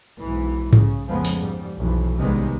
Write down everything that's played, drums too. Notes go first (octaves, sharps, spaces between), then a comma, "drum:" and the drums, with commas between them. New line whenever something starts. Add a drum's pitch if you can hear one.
B1 G#2 E3
C#3, drum: tom G#2
F2 A2 C#3 F3 G#3 B3
drum: open hi-hat
G#2 G3
B1 F2 E3
C#2 C3 D#3 G3 G#3 B3